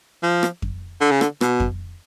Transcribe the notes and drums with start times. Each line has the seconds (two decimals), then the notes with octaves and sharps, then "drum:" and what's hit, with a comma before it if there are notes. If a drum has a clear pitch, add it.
0.23 F3
0.43 drum: rim click
0.62 drum: kick F2
1.01 D3
1.11 C#3
1.21 D3, drum: rim click
1.41 B2, drum: rim click
1.60 drum: kick F2